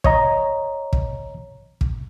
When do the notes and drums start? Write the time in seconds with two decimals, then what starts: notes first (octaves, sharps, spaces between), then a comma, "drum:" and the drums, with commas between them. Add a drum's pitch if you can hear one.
0.04 C#5 D#5 A#5, drum: kick
0.93 drum: kick
1.81 drum: kick